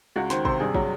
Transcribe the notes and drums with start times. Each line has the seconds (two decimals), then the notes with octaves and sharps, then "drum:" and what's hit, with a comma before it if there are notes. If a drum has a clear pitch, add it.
0.16 C#2 F#4
0.30 D#3 C5, drum: snare
0.45 C3 C5, drum: kick
0.60 G2 G#4
0.74 F#3, drum: kick